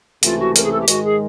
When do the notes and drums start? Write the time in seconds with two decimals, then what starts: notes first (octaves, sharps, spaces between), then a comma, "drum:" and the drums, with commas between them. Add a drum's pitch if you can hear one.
0.23 C#2 C3 E3 A3 F4, drum: hi-hat
0.39 F#4
0.56 A#4, drum: hi-hat
0.63 G#4
0.72 A4
0.80 G4
0.88 G#2 D#3 G#3 F#4, drum: hi-hat
1.04 G#4